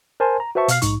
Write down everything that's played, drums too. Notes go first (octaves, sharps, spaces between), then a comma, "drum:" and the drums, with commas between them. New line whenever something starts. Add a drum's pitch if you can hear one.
A#4 C5 G#5 A5 C6
A#5
F#4 B4 C5 E5 A5 C#6
B2 F5 F6 C7, drum: hi-hat
A#1 G#2 D#4 C#6, drum: hi-hat